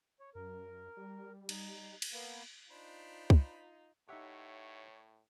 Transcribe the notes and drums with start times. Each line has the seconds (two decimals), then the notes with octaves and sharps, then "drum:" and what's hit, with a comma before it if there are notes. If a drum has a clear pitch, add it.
0.20 C#5
0.35 F#2 A#4
0.97 G3
1.49 D#4, drum: cymbal
2.02 drum: cymbal
2.12 A#3 B3
2.71 D4 D#4 F4 C5 B5
3.30 drum: kick
4.09 A2 D#4 G4 C#5 E5 F#5